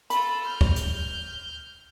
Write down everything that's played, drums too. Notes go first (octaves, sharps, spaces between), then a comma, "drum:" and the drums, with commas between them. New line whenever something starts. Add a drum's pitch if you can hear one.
F4 A4 B5, drum: hi-hat
F6 G6
drum: kick
drum: hi-hat